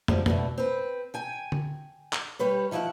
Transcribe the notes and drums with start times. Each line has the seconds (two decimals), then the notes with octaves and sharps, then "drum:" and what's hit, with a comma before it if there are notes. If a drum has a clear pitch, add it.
0.08 F#2 F3 G3, drum: tom
0.26 B2 D3 A3, drum: tom
0.58 C4 B4
1.14 G5 G#5
1.52 drum: tom D3
2.13 drum: clap
2.39 G3 G4 B4 C#5
2.71 D#3 F3 E4 D#5 F#5